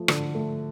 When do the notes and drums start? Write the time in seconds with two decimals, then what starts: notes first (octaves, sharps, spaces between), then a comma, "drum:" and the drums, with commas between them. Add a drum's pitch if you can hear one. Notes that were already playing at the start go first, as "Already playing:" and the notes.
Already playing: F3 A3
0.08 D3, drum: rim click
0.35 A3